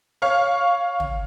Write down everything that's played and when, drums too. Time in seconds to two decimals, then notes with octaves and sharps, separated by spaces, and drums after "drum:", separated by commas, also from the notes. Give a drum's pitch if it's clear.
0.22 C#5 F5 C#6 F6
1.00 drum: tom